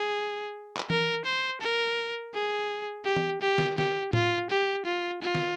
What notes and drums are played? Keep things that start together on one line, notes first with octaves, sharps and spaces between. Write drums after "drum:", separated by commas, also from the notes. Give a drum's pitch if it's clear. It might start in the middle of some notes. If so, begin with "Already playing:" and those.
Already playing: G#4
drum: clap
A#4, drum: tom E3
C5
A#4
G#4
G4
drum: tom E3
G4
drum: snare
G4, drum: snare
F4, drum: tom A2
G4
F4
F4
drum: snare